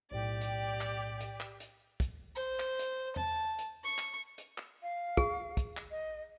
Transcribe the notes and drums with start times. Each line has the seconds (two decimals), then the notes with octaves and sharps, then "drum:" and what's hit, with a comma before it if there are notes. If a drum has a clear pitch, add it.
0.11 B1 A2 G4 D5
0.41 drum: hi-hat
0.81 drum: clap
1.21 drum: hi-hat
1.40 drum: clap
1.60 drum: hi-hat
2.00 drum: kick, hi-hat
2.35 C5
2.59 drum: clap
2.79 drum: hi-hat
3.16 A5, drum: tom E2
3.59 drum: hi-hat
3.84 C#6
3.98 drum: clap
4.38 drum: hi-hat
4.58 drum: clap
4.83 F5
5.17 G#4, drum: kick
5.57 drum: kick, hi-hat
5.77 drum: clap
5.91 D#5